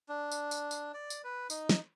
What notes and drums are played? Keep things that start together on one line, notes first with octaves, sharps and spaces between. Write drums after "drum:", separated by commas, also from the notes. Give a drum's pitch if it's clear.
D4
drum: tambourine
drum: tambourine
drum: tambourine
D5
drum: tambourine
B4
D#4, drum: tambourine
drum: snare